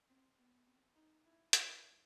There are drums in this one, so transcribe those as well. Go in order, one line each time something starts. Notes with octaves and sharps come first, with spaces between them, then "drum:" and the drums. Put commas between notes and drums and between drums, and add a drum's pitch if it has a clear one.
C4
B3
C4
D#4
E4
E4, drum: hi-hat